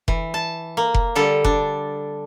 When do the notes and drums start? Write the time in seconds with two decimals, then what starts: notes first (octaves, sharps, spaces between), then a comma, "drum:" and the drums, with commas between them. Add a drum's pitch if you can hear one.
0.08 E3, drum: kick F1
0.34 A5
0.77 A#3
0.94 drum: kick F1
1.15 D3 G3 A4
1.44 D4, drum: kick F1